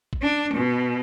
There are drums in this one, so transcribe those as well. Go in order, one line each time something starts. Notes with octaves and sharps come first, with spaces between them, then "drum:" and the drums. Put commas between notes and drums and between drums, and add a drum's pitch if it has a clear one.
drum: kick A1
D4
B2